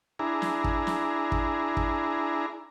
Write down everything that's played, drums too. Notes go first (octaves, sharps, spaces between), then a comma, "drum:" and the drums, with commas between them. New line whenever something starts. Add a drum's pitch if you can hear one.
D4 E4 G#4 A#5
drum: snare
drum: kick
drum: snare
drum: kick
drum: kick